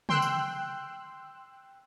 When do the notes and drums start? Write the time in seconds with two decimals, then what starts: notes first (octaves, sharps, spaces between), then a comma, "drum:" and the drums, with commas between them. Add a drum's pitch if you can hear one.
0.09 G5 C6 E6 F#6, drum: tom
0.22 drum: tambourine